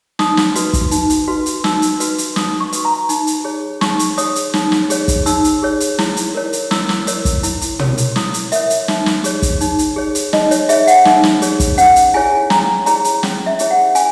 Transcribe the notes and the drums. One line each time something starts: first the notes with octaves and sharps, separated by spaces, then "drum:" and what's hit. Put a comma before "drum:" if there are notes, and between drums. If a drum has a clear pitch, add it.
D#4 D#6, drum: snare
drum: snare
F#4 B4, drum: hi-hat
drum: kick, hi-hat
D#4, drum: hi-hat
drum: hi-hat
F#4 B4
drum: hi-hat
D#4 E6, drum: snare
drum: hi-hat
F#4 B4, drum: hi-hat
drum: hi-hat
D#4 D#6, drum: snare
C#6
F#4 B4, drum: hi-hat
A#5
D#4, drum: hi-hat
drum: hi-hat
G#4 C#5
D#4 C#6, drum: snare
drum: hi-hat
G#4 C#5 D#6, drum: hi-hat
drum: hi-hat
D#4, drum: snare
drum: snare
G#4 C#5, drum: hi-hat
drum: kick, hi-hat
D#4 E6, drum: hi-hat
drum: hi-hat
G#4 C#5
drum: hi-hat
E4, drum: snare
drum: hi-hat
A#4 C#5
drum: hi-hat
E4 E6, drum: snare
drum: snare
A#4 C#5 E6, drum: hi-hat
drum: kick, hi-hat
E4, drum: hi-hat
drum: hi-hat
A#4 C#5, drum: tom
drum: hi-hat
E4 D#6, drum: snare
drum: hi-hat
A#4 C#5 E5, drum: hi-hat
drum: hi-hat
D#4, drum: snare
drum: snare
G#4 C#5, drum: hi-hat
drum: kick, hi-hat
D#4, drum: hi-hat
drum: hi-hat
G#4 C#5
drum: hi-hat
D#4 D#5, drum: snare
C#5, drum: hi-hat
G#4 C#5 E5, drum: hi-hat
F#5, drum: hi-hat
D#4, drum: snare
drum: snare
G#4 C#5, drum: hi-hat
drum: kick, hi-hat
C#4 F#5, drum: hi-hat
drum: hi-hat
E4 G#4 C#5 G#5
C#4 A#5, drum: snare
E4 G#4 C#5 A#5, drum: hi-hat
drum: hi-hat
C#4, drum: snare
E5
E4 G#4 C#5, drum: hi-hat
F#5
C#4 G#5, drum: hi-hat